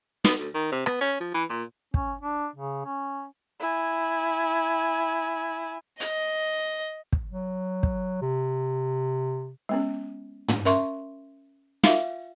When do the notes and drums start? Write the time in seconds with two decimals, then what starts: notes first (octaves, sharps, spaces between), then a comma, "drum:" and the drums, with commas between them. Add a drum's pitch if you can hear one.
0.24 B3, drum: snare
0.39 D2
0.54 D#3
0.72 C3
0.86 B3, drum: rim click
1.01 C#4
1.21 F3
1.35 E3
1.50 A#2
1.94 C#4, drum: kick
2.21 D4
2.56 C#3
2.85 C#4
3.59 E4 G#5
6.00 D#5, drum: hi-hat
7.13 drum: kick
7.31 F#3
7.83 drum: kick
8.22 C3
9.69 G#3 B3 C#4
10.48 drum: tom
10.65 C#4 A#4 E5 C6 C#6, drum: hi-hat
11.84 F4 E5 F5, drum: snare